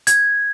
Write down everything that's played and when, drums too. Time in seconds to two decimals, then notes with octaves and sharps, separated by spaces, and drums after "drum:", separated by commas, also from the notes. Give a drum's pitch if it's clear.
0.07 G#6, drum: hi-hat